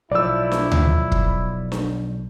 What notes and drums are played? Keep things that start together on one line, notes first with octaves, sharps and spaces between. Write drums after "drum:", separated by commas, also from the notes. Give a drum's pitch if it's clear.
B1 F3 E4 D5 E6
drum: snare D4
drum: tom D2
drum: kick
drum: snare D4